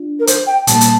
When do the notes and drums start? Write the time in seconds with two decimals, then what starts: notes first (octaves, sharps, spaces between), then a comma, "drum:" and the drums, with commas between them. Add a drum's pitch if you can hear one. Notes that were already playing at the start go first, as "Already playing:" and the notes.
Already playing: D4 F4
0.20 A#4
0.27 C5, drum: hi-hat
0.47 G5
0.67 A#2 G3 A#3 A5, drum: hi-hat
0.81 drum: hi-hat